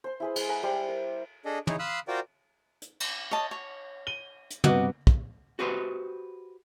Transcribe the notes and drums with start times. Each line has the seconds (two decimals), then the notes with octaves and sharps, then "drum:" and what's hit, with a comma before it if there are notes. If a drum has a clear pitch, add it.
0.04 C5 C6
0.20 E4 G#4 B4
0.36 G#3, drum: cymbal
0.49 F#5 G#5 A#5 B5
0.63 G3 C5 B5 C6
0.89 A#4
1.45 D4 G#4 A4 D#5
1.67 D#4 E4 G#4 C#5, drum: tom
1.79 F5 B5 C6 D#6 E6 F#6
2.08 F4 F#4 A#4 C5 D5 G5
2.82 drum: hi-hat
3.00 drum: cymbal
3.31 C#5 D#5 A5
3.51 C#5
4.07 D#7 G7
4.50 drum: hi-hat
4.64 G2 C3 B3 F#4 D#5 D6, drum: tom
5.07 drum: kick
5.59 F#4 G4 B4 C5